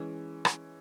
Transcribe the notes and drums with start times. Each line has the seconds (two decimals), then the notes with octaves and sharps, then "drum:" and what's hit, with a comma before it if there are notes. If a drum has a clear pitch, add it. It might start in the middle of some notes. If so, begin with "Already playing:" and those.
Already playing: E3 G#3 C#4
0.45 drum: rim click